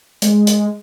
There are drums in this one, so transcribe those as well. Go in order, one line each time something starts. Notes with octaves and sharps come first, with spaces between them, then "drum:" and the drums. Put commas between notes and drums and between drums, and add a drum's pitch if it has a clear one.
G#3, drum: hi-hat
drum: hi-hat